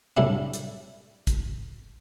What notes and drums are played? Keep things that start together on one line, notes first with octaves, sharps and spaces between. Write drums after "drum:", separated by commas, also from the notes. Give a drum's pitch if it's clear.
C2 A2 G3 D4 E4
drum: hi-hat
drum: kick, hi-hat